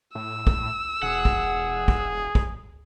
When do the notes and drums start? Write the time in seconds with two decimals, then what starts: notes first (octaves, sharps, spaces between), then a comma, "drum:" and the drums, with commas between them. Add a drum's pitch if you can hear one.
0.15 A2 E6
0.47 drum: kick
1.02 E1 G#4 F#5
1.25 drum: kick
1.88 drum: kick
2.35 drum: kick